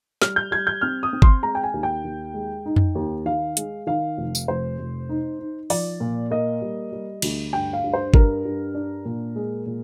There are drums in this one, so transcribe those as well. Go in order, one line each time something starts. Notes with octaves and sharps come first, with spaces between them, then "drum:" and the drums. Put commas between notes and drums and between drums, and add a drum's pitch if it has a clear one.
G3 F6, drum: snare
G6
G3 G#6
G6
C4 F6
D#6
C4
C6, drum: kick G1
G#3 A#5
G5
G#5
D#2
G5
D#2
G#3
D#4
drum: tom F2
D#2
D#3 F5
G#3, drum: hi-hat
D#3 F5
F1
drum: tambourine
F1 C5
F1
D#4
D#4
F3 D5, drum: open hi-hat
A#2
A#3 D#5
G3
G3
D2, drum: cymbal
G2 G5
F5
G2
C5
G2 A#4, drum: kick G1
G2
D4
A#2
G#3
A#2